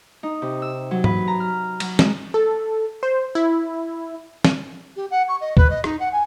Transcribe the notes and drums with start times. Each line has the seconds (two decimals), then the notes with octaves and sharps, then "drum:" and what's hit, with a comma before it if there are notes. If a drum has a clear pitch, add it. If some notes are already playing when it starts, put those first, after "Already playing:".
0.23 D#4
0.42 C3
0.62 E6
0.91 F#3
1.04 B4, drum: tom G#2
1.28 A#5
1.40 F6
1.80 F#3, drum: cymbal
1.99 G#3, drum: snare
2.34 A4
3.03 C5
3.35 E4
4.44 drum: snare
4.96 G4
5.10 F#5
5.28 C#6
5.40 D#5
5.57 B4, drum: kick C#2
5.70 D#5
5.84 D#4, drum: rim click
5.99 F#5
6.12 G#5